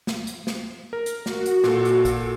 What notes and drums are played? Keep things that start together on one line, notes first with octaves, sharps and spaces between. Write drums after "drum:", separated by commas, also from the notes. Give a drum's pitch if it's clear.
drum: snare
drum: hi-hat
drum: snare
A#4
drum: hi-hat
F#4, drum: snare
drum: hi-hat
A#2 A4, drum: snare
drum: hi-hat
drum: kick, hi-hat